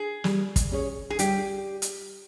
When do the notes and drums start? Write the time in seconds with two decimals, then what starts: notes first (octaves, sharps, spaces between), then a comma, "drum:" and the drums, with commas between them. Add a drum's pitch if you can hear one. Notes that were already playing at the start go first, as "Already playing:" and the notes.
Already playing: G#4
0.24 G3, drum: snare
0.56 drum: kick, hi-hat
0.72 C#4 G#4 C#5
1.10 G#4
1.19 G3 G4, drum: hi-hat
1.82 drum: hi-hat